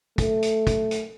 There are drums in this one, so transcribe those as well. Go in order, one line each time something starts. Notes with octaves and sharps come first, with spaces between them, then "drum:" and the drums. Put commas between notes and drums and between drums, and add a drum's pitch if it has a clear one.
A3, drum: kick, hi-hat
drum: hi-hat
drum: kick, hi-hat
drum: hi-hat